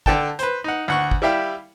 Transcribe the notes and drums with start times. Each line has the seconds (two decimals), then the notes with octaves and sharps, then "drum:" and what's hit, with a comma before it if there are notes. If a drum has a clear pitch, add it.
0.06 D3 A4 G5 A5, drum: kick
0.39 B4 C5, drum: hi-hat
0.64 D#4 F#5
0.88 D2 F#5 C#6
1.11 drum: kick
1.22 G3 E4 G4 E5 F5 G5